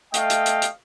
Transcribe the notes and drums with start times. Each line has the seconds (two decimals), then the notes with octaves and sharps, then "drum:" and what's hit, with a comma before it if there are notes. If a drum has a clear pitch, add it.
0.14 A3 D#5 F5 G5, drum: hi-hat
0.30 drum: hi-hat
0.46 drum: hi-hat
0.62 drum: hi-hat